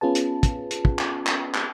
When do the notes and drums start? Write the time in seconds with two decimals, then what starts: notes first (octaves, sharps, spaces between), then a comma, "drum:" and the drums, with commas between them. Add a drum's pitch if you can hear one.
0.01 B3 C#4 F4 G#4 B4 A5
0.15 drum: hi-hat
0.43 drum: kick, hi-hat
0.71 drum: hi-hat
0.85 drum: kick
0.99 drum: clap
1.27 drum: clap
1.54 drum: clap